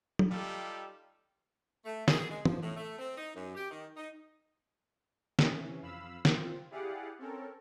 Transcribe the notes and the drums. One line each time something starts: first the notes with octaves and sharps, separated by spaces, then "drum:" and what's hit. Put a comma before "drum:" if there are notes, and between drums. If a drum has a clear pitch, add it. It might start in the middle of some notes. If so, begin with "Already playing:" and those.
drum: tom
G3 D#4 F4 G4 A4
A3
G#4, drum: snare
G#3
F3, drum: tom
A2
A3
C4
D#4
F#2
G4
D#3
D#4
C3 E3 C#4, drum: snare
F2 F5 B5 E6
C4 F4, drum: snare
E4 G4 G#4 D5 F5 F#5
C4 C#4 A4 A#4